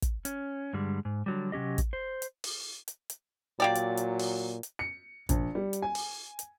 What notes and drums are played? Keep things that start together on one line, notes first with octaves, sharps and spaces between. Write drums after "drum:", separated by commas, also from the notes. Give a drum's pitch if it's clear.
drum: kick, hi-hat
C#4, drum: hi-hat
G2 D3 G3 G#3
G#2
D3 F#3 G3
C3 F#3 C#4 G4 D#5
drum: kick, hi-hat
C5
drum: hi-hat
drum: open hi-hat
drum: hi-hat
drum: hi-hat
A#2 F#3 A#3 G4 D5
drum: hi-hat
drum: hi-hat
drum: open hi-hat
drum: hi-hat
C#7
A#1, drum: kick, hi-hat
G3
drum: hi-hat
G#5
drum: open hi-hat
drum: hi-hat